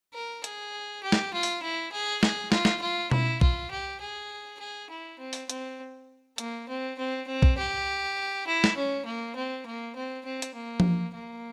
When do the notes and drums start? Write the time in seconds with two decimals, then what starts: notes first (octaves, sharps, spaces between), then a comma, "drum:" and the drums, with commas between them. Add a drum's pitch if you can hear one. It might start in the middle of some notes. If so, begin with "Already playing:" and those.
0.14 A#4
0.44 G#4, drum: hi-hat
1.03 G4
1.12 drum: snare
1.34 F4
1.43 drum: open hi-hat
1.63 E4
1.92 G#4
2.23 G#4, drum: snare
2.52 F4, drum: snare
2.65 drum: snare
2.81 F4
3.11 E4, drum: tom B2
3.41 F4, drum: kick B1
3.71 G4
4.01 G#4
4.60 G#4
4.90 E4
5.19 C4
5.33 drum: open hi-hat
5.50 C4, drum: hi-hat
6.38 A#3, drum: hi-hat
6.69 C4
6.98 C4
7.27 C4
7.42 drum: kick B1
7.58 G4
8.47 E4
8.64 drum: snare
8.77 C#4
9.06 A#3
9.36 C4
9.66 A#3
9.96 C4
10.25 C4
10.42 drum: hi-hat
10.55 A#3
10.80 drum: tom F3
11.14 A#3